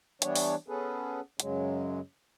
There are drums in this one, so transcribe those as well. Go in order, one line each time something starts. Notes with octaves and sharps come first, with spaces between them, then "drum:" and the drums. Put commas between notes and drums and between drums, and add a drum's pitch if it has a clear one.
E3 G3 B3 D4 C#5, drum: hi-hat
drum: open hi-hat
B3 C#4 G#4 A4 B4
F#2 C#3 F#3 G#3, drum: hi-hat